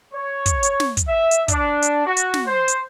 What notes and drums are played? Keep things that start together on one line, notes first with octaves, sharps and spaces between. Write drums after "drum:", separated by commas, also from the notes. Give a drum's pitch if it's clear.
C#5
drum: kick, hi-hat
drum: hi-hat
drum: snare
drum: kick, hi-hat
E5
drum: hi-hat
D4, drum: kick, hi-hat
drum: hi-hat
F#4
drum: hi-hat
drum: snare
C5
drum: hi-hat